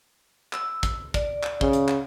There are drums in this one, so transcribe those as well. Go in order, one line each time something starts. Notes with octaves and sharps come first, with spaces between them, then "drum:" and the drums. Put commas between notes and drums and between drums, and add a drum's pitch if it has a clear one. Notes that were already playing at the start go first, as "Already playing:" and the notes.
E6, drum: clap
drum: kick, hi-hat
D5, drum: kick, hi-hat
drum: clap
C#3, drum: kick
drum: hi-hat
drum: clap